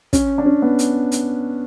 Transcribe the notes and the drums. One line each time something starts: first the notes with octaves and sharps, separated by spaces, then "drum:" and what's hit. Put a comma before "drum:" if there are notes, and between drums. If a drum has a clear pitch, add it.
C#4, drum: kick, hi-hat
D4
C#4
B3
drum: hi-hat
drum: hi-hat